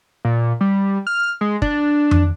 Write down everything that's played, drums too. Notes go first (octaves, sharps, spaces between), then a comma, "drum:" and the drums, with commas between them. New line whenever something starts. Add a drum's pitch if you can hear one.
A#2
G3
F6
G#3
D4, drum: kick
drum: tom F2